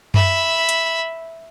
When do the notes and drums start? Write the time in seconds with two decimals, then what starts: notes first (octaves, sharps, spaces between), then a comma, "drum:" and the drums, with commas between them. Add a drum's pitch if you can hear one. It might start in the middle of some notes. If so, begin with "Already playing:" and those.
0.14 E5 B5, drum: tom F#2
0.69 drum: hi-hat